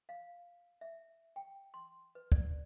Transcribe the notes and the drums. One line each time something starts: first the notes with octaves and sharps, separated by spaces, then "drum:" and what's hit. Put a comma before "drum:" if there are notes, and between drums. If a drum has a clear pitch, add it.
F5
E5
G5
C6
B4
D5, drum: kick